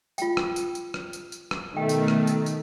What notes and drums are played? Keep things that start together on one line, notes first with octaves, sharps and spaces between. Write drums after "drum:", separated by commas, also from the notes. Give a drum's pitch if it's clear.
F4 G5, drum: tambourine
drum: rim click
drum: tambourine
drum: tambourine
drum: rim click
drum: tambourine
drum: tambourine
drum: rim click
B2 D#3 A3 G5
drum: tambourine
drum: rim click
drum: tambourine
drum: tambourine